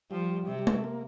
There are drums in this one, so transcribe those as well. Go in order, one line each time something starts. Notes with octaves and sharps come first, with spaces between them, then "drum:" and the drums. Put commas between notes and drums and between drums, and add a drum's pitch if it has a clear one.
F3 G3
C3
G3
G#3, drum: tom G#3
A3
A#3